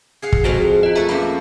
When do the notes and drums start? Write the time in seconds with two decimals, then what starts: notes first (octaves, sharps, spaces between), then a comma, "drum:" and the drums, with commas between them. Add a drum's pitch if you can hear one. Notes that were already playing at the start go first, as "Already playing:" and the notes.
0.22 G#4 F5 F#5
0.33 drum: kick
0.44 F2 G#3 F#4 G#4 C5 A#5
0.83 F4 D#5
0.95 A3 B4 E5 A#5
1.09 A3 A#3 C#4 A4 B5